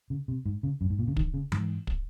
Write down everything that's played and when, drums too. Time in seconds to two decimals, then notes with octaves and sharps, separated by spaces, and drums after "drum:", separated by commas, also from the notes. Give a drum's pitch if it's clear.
0.10 C#3
0.28 C3
0.46 G#2
0.63 C#3
0.81 F#2
0.90 G#2
0.99 A#2
1.08 C#3
1.17 D#3, drum: kick
1.34 C#3
1.52 G#2, drum: tom E3
1.87 drum: kick